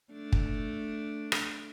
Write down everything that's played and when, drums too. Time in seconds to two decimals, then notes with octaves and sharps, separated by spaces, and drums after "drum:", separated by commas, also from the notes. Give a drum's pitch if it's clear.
0.13 A3 D4
0.32 drum: kick
1.32 drum: rim click